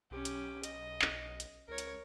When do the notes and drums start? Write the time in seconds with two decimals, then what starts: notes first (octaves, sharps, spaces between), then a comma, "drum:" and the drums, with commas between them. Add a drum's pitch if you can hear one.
0.11 B1 C#4 G4
0.25 drum: hi-hat
0.63 D#5, drum: hi-hat
1.02 drum: clap
1.40 drum: hi-hat
1.68 C#2 A#4 C#5
1.78 drum: hi-hat